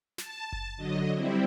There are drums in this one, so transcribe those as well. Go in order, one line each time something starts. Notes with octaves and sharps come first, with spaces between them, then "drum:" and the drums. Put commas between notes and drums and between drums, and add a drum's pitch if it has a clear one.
A5, drum: snare
drum: kick F#1
D3 F#3 D#5
G3 C4 E4